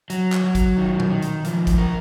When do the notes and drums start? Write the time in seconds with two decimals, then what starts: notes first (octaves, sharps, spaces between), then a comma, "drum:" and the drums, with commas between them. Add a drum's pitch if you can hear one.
0.10 F#3, drum: hi-hat
0.32 drum: clap
0.44 F#3
0.55 drum: kick G#1, hi-hat
0.77 D#3
1.00 drum: tom A#2
1.10 D#3
1.22 drum: hi-hat
1.44 F3, drum: hi-hat
1.67 drum: kick G#1, hi-hat
1.78 A#4